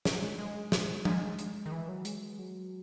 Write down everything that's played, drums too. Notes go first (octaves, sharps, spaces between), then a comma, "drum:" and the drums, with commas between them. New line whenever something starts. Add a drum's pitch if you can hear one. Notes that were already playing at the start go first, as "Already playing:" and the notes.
F#3, drum: snare
G#3
G#3
drum: snare
G#3, drum: tom F3
drum: hi-hat
D#3
E3
F#3
G#3, drum: hi-hat
F#3